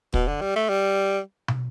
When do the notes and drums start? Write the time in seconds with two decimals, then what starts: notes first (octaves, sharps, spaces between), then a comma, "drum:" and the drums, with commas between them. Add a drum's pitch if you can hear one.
0.14 B2, drum: kick
0.28 D3
0.41 G3
0.56 A3
0.69 G3
1.48 drum: tom